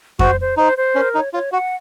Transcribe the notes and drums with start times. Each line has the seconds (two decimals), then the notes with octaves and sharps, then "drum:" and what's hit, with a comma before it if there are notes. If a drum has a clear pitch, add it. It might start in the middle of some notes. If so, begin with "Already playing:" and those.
0.19 F#4 C5, drum: kick F2
0.39 C5
0.57 D#4 C5
0.76 C5
0.95 C#4 A#4
1.15 D#4 C#5
1.33 F4 C#5
1.52 F#4 F#5